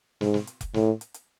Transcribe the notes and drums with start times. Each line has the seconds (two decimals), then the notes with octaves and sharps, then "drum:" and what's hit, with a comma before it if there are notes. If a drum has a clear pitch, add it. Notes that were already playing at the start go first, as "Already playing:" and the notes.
0.21 G#2, drum: snare
0.34 drum: snare
0.47 drum: hi-hat
0.61 drum: kick F1, hi-hat
0.74 A2, drum: snare
1.01 drum: hi-hat
1.14 drum: hi-hat